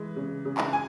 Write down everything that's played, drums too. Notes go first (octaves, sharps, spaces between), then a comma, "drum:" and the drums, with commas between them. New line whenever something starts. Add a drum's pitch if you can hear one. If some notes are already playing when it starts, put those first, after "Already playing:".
Already playing: E3 G#3
C#3
C#3
drum: clap
G#5